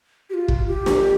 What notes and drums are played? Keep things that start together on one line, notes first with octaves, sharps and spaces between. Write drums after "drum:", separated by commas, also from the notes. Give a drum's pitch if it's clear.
G4
F4
drum: kick
G4
drum: snare